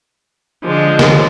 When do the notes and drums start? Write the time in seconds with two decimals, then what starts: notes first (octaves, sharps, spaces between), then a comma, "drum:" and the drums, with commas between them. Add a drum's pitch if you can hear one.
0.63 D3 F3 G#3
0.99 drum: snare